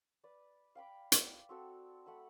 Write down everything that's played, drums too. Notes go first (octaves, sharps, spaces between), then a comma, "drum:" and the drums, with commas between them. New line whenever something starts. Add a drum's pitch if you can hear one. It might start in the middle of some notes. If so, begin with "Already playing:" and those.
B4 D5
F5 G5 B5 D6
D5, drum: hi-hat
C4 F#4 A4 E6
A3 F#5 B5 E6